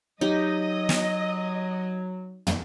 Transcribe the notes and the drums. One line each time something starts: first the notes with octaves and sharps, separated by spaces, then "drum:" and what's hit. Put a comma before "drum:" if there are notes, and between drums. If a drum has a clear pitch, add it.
F#3 D#4 G4 D#5
drum: snare
drum: tom